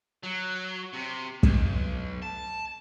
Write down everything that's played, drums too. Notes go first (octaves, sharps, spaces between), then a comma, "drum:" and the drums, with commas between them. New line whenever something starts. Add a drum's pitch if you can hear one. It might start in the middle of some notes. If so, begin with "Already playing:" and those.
F#3
C3
B1, drum: kick
A5